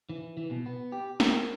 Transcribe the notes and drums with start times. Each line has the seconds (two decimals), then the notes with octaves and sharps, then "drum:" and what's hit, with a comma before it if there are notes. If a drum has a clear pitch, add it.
0.10 E3
0.37 E3
0.51 B2
0.66 B3
0.92 G4
1.20 A#4, drum: snare